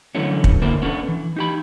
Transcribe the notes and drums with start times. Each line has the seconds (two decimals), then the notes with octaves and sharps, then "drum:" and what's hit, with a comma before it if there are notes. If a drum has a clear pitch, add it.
0.15 D3 E3 F#3 A3 B3 C#4
0.44 drum: kick
0.61 D3 A#3 D4 E4 A#4 C5
0.82 B3 C#4 D4 G4 A4
1.08 E3
1.37 D#4 G4 B5